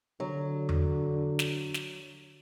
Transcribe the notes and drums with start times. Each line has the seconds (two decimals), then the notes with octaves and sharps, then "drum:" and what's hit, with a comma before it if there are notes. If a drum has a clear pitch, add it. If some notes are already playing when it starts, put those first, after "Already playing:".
0.20 D3 F#3
0.69 drum: tom E2
1.39 drum: snare
1.74 drum: snare